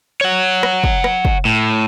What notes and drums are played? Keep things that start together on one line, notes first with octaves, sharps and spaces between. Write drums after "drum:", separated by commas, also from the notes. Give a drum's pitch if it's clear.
C#5 F#5
drum: rim click
drum: kick
drum: rim click
drum: kick
A2